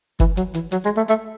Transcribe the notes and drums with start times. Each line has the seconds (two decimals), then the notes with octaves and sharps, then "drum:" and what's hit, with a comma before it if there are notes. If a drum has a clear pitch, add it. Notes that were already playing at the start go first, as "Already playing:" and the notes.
0.20 E3, drum: kick F#1, hi-hat
0.37 F#3, drum: hi-hat
0.54 E3, drum: hi-hat
0.72 F#3, drum: hi-hat
0.85 G#3
0.97 A3
1.09 A3